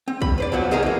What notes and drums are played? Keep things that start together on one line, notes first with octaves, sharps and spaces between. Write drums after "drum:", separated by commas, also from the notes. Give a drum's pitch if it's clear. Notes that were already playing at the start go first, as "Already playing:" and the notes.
C4
B5, drum: kick B1
B4 C5 D5
G2 B2 F3 F#3 B3 F#4
C3 G#3 A3 D#4 G#4 A#4
E3 A#3